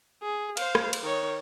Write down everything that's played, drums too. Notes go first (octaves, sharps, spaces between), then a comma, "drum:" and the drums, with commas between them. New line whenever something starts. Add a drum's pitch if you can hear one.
G#4
C5 F5, drum: cymbal
drum: rim click
drum: cymbal
D#3 C#5